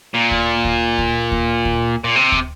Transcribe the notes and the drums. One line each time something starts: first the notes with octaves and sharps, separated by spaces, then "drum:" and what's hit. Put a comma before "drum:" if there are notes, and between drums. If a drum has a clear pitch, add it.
A#2
drum: kick D2
drum: kick D2
drum: kick D2
drum: kick D2
drum: kick D2
A#2
C3
drum: kick D2